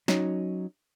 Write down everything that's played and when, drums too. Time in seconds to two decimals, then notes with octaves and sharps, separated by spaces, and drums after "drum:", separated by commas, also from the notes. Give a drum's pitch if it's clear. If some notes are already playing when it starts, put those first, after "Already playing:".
0.08 F#3 C#4 D#4, drum: snare